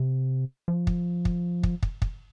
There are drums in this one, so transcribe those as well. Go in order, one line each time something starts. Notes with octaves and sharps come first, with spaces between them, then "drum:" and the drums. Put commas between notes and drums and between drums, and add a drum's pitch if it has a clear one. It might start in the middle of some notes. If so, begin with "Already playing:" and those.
Already playing: C3
F3
drum: kick
drum: kick
drum: kick
drum: kick
drum: kick